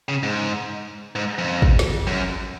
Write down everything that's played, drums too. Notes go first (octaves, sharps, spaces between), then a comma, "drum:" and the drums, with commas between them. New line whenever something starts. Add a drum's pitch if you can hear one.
C#3
G#2
G#2
F2
drum: kick
drum: snare
F#2